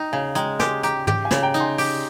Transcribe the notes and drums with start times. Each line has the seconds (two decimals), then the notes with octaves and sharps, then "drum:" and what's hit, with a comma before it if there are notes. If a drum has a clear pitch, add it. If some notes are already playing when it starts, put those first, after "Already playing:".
Already playing: D#4 G5
0.13 C#3 F5 G#5
0.35 G#3 G5 A#5, drum: hi-hat
0.59 G4 G#5 C6, drum: snare
0.83 G4 G5 A#5, drum: hi-hat
1.07 G4 G5, drum: tom
1.25 F5 G#5
1.31 C#3, drum: snare
1.43 G5 A#5
1.54 D#4, drum: hi-hat
1.60 G#5 C6
1.78 G4, drum: open hi-hat